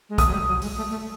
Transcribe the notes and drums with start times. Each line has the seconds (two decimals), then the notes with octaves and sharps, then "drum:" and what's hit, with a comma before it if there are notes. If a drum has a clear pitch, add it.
0.09 G#3
0.18 A3 D#6, drum: kick, hi-hat
0.27 F#3
0.32 G3
0.48 F#3
0.62 G#3, drum: open hi-hat
0.77 A3
0.90 A3